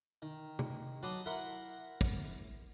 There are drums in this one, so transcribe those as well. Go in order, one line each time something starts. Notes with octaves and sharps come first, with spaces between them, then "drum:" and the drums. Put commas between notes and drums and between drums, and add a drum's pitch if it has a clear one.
D#3
drum: tom
F#3 B4 A5 C6 D6 D#6
E4 A#4 F#5 B5 C6
drum: kick